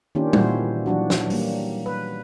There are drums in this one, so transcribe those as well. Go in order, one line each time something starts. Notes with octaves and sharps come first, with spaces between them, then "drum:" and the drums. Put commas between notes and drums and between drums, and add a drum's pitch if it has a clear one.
D#3 A#3 C#4 D4 F4 G4
A#2 E3 G3 E4 F#4 C5, drum: tom
E3 F#3 D4 F#4
drum: snare
G3 A#3, drum: open hi-hat
B4